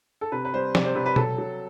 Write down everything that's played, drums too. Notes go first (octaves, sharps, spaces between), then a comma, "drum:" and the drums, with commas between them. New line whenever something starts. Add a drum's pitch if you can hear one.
A4
C3 B4
B4
G3 C5
C3 D5, drum: snare
C5
C3 B4
B4
F#3 A4, drum: tom B2
F#3